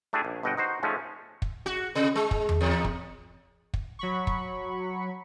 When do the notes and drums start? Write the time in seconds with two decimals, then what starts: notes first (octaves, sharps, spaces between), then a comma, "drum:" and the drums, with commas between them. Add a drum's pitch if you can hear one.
0.13 A3 D4 E4 G4 G#4
0.25 A#1
0.43 G1 B2 D#5 F#5 G5
0.57 D#4 F#4 C5
0.83 G#2 F3 G#3 A3 C#4
1.42 drum: kick
1.66 F#4
1.95 C3
2.15 G#3
2.31 drum: kick
2.49 drum: tom E2
2.61 E2
2.84 drum: kick
3.74 drum: kick
3.99 F#3 B5 C#6
4.27 drum: kick